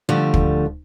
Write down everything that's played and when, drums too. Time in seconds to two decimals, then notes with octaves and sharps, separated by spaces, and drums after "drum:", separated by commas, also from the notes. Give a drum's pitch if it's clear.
0.09 D3 F3 G3 A3
0.34 drum: kick